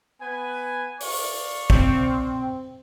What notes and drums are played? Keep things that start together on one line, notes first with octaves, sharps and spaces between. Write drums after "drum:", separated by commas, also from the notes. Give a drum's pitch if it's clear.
B3 B4 G#5
D5 F5 C#6, drum: open hi-hat
C4, drum: kick